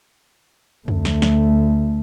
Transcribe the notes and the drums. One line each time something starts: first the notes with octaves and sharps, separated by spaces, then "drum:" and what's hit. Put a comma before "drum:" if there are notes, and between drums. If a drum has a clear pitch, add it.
D2 A3, drum: tom F2
drum: snare
drum: snare